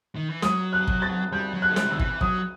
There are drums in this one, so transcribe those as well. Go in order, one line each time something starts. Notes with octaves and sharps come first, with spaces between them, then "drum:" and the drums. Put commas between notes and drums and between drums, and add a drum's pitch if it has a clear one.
D#3
E3
F#3 D#6, drum: snare
F#6
drum: kick
A6
G3 G6
F#3
F#6
A3
G3, drum: snare
C3
D#3 E6
E3, drum: kick
F#3 D#6, drum: kick